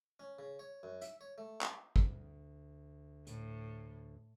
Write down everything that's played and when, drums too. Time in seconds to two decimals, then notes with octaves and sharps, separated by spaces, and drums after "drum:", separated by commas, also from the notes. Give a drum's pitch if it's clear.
0.20 C#4
0.39 C#3
0.59 C#5
0.83 F#2
1.02 E5, drum: hi-hat
1.21 C#5
1.38 A3
1.61 A5, drum: clap
1.96 D2, drum: kick
3.27 A2, drum: hi-hat